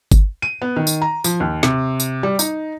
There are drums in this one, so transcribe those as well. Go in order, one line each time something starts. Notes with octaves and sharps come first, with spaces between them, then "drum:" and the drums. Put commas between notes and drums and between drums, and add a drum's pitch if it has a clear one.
drum: kick G1, tambourine
D#7
B3
D#3
drum: tambourine
A#5
F3, drum: tambourine
D#2
C3, drum: snare
drum: tambourine
G3
D#4, drum: tambourine